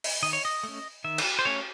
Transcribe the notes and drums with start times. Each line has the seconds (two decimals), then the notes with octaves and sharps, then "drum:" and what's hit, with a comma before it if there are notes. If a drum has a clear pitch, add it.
0.04 drum: open hi-hat
0.22 D#3 D#5
0.33 C#5
0.45 D#5
0.63 A3 C#4
1.04 D#3 E5
1.18 drum: cymbal
1.39 C5
1.45 A3 C#4 C#5